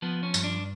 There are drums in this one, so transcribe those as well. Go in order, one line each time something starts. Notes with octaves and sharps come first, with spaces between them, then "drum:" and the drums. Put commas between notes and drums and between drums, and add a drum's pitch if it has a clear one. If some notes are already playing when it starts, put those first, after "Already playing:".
F3 B3
C#4
G2, drum: tambourine
D4